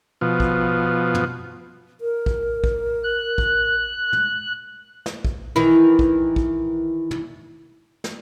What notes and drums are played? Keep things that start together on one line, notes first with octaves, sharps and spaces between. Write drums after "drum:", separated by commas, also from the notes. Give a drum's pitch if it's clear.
B2 F3
drum: kick
drum: tom
A#4
drum: kick
drum: kick
F#6
drum: kick
drum: tom
drum: snare
drum: kick
D#3 E3 E4
drum: kick
drum: kick
drum: tom
drum: snare